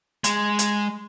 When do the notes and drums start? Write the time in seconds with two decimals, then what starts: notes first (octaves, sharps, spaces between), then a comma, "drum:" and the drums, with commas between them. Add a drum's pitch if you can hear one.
0.24 G#3, drum: hi-hat
0.59 drum: hi-hat